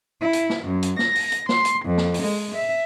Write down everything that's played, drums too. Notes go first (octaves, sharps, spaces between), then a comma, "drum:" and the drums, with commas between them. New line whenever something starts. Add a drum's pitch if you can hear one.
E4
drum: hi-hat
drum: snare
F#2
drum: hi-hat
A#6, drum: snare
drum: open hi-hat
drum: hi-hat
C6, drum: snare
drum: hi-hat
F2
drum: snare
drum: open hi-hat
G#3
E5